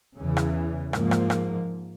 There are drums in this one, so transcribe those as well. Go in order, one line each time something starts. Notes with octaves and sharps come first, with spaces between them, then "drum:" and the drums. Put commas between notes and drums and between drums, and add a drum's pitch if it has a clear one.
E2 C#3 E3
drum: rim click
G#2 F3 A#3, drum: rim click
drum: rim click
drum: rim click